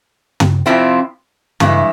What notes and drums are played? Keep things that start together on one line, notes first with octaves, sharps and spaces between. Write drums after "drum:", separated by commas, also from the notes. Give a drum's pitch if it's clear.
drum: tom
F2 C3 F3 C4 E4
G2 E3 G#3 E4, drum: tom